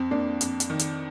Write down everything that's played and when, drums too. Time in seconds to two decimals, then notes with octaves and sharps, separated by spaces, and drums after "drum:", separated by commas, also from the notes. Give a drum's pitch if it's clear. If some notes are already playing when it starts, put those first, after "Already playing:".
Already playing: F2 C4
0.11 A#3 D4
0.41 F2, drum: hi-hat
0.60 drum: hi-hat
0.70 D#3
0.79 drum: hi-hat